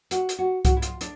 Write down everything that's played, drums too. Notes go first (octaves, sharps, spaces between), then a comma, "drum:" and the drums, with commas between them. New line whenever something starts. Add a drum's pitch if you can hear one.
F#4, drum: hi-hat
drum: hi-hat
F#4
F#4, drum: kick C2, hi-hat
E4
F4, drum: hi-hat
D4, drum: hi-hat